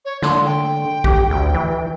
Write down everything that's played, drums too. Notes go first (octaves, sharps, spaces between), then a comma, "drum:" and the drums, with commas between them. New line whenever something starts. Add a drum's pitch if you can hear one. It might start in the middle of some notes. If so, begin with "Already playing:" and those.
C#5
D3 C6, drum: snare
G5
G4, drum: kick A#1
D2
E3